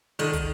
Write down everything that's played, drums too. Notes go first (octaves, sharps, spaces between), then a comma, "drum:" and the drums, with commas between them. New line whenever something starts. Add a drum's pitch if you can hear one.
D3 D#3, drum: open hi-hat
drum: kick, hi-hat